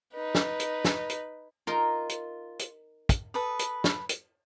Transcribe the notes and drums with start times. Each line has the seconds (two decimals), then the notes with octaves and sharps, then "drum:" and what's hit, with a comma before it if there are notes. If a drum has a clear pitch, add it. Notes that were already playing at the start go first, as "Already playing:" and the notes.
0.14 D#4 B4
0.35 drum: snare
0.60 drum: hi-hat
0.85 drum: snare
1.10 drum: hi-hat
1.67 D#4 F4 A#4
2.09 drum: hi-hat
2.59 drum: hi-hat
3.09 drum: kick, hi-hat
3.34 A4 B4 D#6
3.59 drum: hi-hat
3.84 drum: snare
4.09 drum: hi-hat